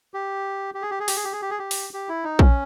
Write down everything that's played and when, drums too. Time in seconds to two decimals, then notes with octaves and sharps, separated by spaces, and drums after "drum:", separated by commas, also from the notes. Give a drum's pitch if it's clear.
0.14 G4
0.75 G4
0.82 G#4
0.91 G4
1.00 G#4
1.08 G4, drum: open hi-hat
1.16 G#4
1.24 G4
1.33 G#4
1.42 G4
1.50 G#4
1.59 G4
1.71 drum: open hi-hat
1.94 G4
2.09 E4
2.24 D#4
2.39 C#4, drum: kick A#1